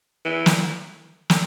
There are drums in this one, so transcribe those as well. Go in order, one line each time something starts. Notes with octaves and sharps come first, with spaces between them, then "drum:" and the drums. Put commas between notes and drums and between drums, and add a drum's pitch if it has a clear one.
E3
drum: snare
drum: snare